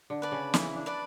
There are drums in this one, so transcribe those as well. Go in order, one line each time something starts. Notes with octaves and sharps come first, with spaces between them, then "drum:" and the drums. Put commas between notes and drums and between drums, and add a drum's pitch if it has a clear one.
D3
B4 D5 A5
C#3
E3 E4, drum: snare
D4
B4 D5 A5